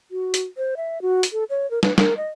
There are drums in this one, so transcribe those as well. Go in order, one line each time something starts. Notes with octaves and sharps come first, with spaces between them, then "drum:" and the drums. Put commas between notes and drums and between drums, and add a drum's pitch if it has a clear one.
F#4
drum: hi-hat
C5
E5
F#4
drum: hi-hat
A4
C#5
A#4
B4, drum: snare
A#4, drum: snare
D#5